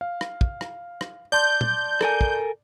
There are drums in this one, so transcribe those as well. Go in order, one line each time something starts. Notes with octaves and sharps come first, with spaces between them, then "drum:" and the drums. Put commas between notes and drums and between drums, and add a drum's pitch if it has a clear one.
F5
drum: rim click
drum: kick
drum: rim click
drum: rim click
D5 A5 C6 G6
drum: tom
A4 A#4 G#5, drum: rim click
drum: kick